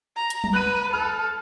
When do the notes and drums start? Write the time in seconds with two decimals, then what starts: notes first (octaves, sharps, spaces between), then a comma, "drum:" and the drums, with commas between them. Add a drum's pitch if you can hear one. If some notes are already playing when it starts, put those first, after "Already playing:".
0.16 A#5
0.30 drum: hi-hat
0.44 drum: tom
0.53 B4 F#6 D#7
0.93 A4 F6